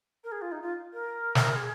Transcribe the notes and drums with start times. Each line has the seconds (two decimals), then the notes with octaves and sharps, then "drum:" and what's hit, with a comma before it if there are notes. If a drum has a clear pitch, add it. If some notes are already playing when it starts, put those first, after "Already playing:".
0.24 A#4
0.32 G#4
0.41 F4
0.52 D#4
0.62 F4
0.93 A#4
1.35 drum: snare
1.55 G#4